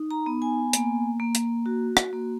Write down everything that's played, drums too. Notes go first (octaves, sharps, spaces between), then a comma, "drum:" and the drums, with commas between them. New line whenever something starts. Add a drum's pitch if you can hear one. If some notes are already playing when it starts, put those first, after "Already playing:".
Already playing: D#4
A#5
B3
G#5
A#3, drum: hi-hat
A#3
drum: hi-hat
F#4
drum: rim click
A#3